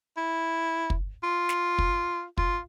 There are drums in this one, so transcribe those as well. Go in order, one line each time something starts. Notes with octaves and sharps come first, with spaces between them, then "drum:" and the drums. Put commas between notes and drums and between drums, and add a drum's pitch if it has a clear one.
E4
drum: kick
F4
drum: snare
drum: kick
F4, drum: kick